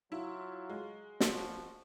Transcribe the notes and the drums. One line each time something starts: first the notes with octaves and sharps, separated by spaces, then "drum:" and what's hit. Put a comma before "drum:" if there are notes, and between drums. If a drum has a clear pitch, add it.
F#3 E4 F4
G#3
B2 F3 F#4, drum: snare